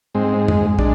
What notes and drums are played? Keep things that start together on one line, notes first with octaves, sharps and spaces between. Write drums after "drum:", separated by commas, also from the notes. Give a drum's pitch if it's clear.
G#2 G#3 C4
drum: tom
G#3 D4, drum: kick